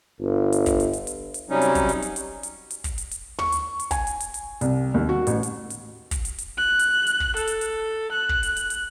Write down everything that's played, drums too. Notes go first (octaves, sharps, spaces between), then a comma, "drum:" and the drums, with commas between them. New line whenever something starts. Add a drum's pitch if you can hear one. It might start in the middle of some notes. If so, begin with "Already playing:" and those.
G1
drum: hi-hat
drum: kick, hi-hat
drum: hi-hat
drum: hi-hat
drum: hi-hat
drum: hi-hat
C3 F#3 G3 C#4 D#4
drum: hi-hat
drum: kick, hi-hat
drum: hi-hat
drum: hi-hat
drum: hi-hat
drum: hi-hat
drum: hi-hat
drum: kick, hi-hat
drum: hi-hat
drum: hi-hat
C#6, drum: tom
drum: hi-hat
drum: hi-hat
G#5, drum: kick, hi-hat
drum: hi-hat
drum: hi-hat
drum: hi-hat
C2, drum: hi-hat
D#2
F#4
A1, drum: hi-hat
drum: hi-hat
drum: hi-hat
drum: kick, hi-hat
drum: hi-hat
drum: hi-hat
F#6
drum: hi-hat
drum: hi-hat
drum: kick
A4, drum: hi-hat
drum: hi-hat
drum: hi-hat
F#6
drum: kick
drum: hi-hat
drum: hi-hat
drum: hi-hat